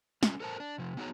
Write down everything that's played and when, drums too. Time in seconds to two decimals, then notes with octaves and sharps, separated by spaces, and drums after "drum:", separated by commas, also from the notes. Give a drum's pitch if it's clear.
0.23 G3 A3 C#4 F4, drum: snare
0.40 A4 A#4 C5 A5
0.60 D4
0.78 C3 F3
0.97 B3 D#4 F#4 G#4 C#5 A#5